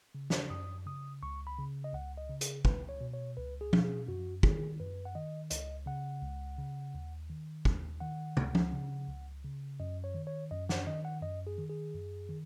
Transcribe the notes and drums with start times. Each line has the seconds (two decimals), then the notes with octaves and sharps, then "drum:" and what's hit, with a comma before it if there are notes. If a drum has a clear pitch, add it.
0.15 C#3
0.30 drum: snare
0.50 F#2 D#6
0.86 C#3 D#6
1.23 C#2 C#6
1.47 B5
1.59 C#3
1.84 D#5
1.94 C#2 F#5
2.17 D#5
2.30 C#3
2.41 G#4, drum: hi-hat
2.65 C#2 B4, drum: kick
2.89 C#5
3.01 B2
3.13 C#5
3.37 C#2 B4
3.61 G#4
3.73 B2, drum: tom
3.84 G#4
4.08 F#2 F#4
4.43 D#3 G#4, drum: kick
4.80 F#2 B4
5.05 F#5
5.15 D#3 D#5
5.50 C#2 D#5, drum: hi-hat
5.86 C#3 F#5
6.22 C#2
6.59 C#3
6.95 D#2
7.30 D#3
7.65 D#2, drum: kick
8.00 D#3 F#5
8.37 C#2, drum: tom
8.55 drum: tom
8.73 C#3
9.08 C#2
9.45 C#3
9.80 F#2 D#5
10.04 C#5
10.15 D#3
10.27 C#5
10.51 F#2 D#5
10.69 F#5, drum: snare
10.87 D#3 D#5
11.05 F#5
11.22 F#2 D#5
11.47 G#4
11.58 D#3
11.70 G#4
11.94 F#2
12.29 D#3